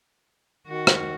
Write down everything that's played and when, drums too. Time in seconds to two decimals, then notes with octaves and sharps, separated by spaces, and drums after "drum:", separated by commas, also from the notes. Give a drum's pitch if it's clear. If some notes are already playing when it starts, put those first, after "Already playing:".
0.67 D#3 F#4
0.87 drum: rim click